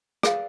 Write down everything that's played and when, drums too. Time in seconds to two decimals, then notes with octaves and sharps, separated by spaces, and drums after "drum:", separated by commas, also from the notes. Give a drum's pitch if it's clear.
0.23 G#4 B4 D5 F5, drum: rim click